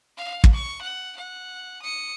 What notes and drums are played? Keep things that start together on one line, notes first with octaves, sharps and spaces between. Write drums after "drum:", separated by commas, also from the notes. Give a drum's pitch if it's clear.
F5
drum: kick
C#6
F#5
F#5
D#6 C#7